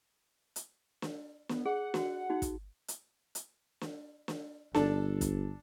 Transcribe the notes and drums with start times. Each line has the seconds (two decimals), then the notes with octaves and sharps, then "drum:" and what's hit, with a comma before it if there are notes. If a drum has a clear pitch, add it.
0.56 drum: hi-hat
1.02 drum: snare
1.49 B3, drum: snare
1.66 G#4 F#5
1.94 F#4, drum: snare
2.30 D#4 F#4
2.42 drum: kick, hi-hat
2.88 drum: hi-hat
3.35 drum: hi-hat
3.81 drum: snare
4.28 drum: snare
4.74 G1 D4 A4, drum: snare
5.21 drum: kick, hi-hat